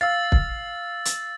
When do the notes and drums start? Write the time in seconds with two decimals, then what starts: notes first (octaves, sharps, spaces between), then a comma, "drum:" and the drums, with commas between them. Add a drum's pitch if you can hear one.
0.01 F5 E6 A6
0.32 drum: kick
1.05 drum: hi-hat